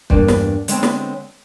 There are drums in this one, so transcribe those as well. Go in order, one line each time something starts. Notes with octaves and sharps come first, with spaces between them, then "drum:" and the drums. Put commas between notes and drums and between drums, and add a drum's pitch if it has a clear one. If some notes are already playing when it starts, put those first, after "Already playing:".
E2 G2 A#3 D4, drum: kick
drum: snare
D3 G#3 B3 C4 C#5 A5, drum: hi-hat
drum: snare